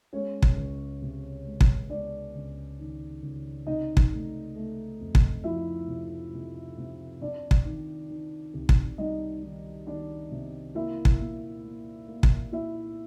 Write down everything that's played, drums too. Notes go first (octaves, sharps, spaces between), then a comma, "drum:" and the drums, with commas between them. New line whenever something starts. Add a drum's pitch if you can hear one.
G#3 C#4 C#5
drum: kick
C#2
C3
G#3
drum: kick
G#3 D4 D5
C#2
D#3
C#2
C3 D#4 D#5
drum: kick
A3
A3
F2
drum: kick
F3 E4 E5
C3
C3
C3
C3 D4 D5
drum: kick
D#3
D#3
C2
drum: kick
G3 D#4 D#5
D#3
D#3 D4 D5
C3
A#3 E4 E5
drum: kick
A#2
A#3
A#3
drum: kick
A#2 E4 E5